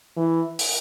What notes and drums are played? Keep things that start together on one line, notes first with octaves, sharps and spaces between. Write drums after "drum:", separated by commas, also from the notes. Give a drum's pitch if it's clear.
E3
drum: open hi-hat